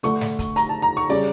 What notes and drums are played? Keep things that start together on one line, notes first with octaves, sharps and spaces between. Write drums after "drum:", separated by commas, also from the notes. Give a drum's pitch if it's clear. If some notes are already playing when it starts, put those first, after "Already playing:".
D3 A3 D4 C#6, drum: hi-hat
drum: snare
drum: kick, hi-hat
A#5, drum: hi-hat
A5
A#5
C#6
C#3 G3 C#4 D5, drum: open hi-hat